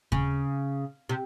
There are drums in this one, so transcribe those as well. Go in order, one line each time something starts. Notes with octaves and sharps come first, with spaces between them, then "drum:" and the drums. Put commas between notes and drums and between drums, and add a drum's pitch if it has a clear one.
C#3, drum: kick D#2
C3